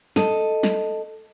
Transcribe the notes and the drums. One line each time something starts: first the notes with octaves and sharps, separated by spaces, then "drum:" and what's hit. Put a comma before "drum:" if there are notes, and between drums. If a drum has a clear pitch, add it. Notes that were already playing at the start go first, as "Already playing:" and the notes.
A4 D#5, drum: snare
drum: snare